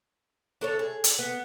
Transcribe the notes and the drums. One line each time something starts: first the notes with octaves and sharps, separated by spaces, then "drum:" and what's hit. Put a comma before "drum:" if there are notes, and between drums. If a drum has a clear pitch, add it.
D4 A4 C#5
G#4
drum: hi-hat
B3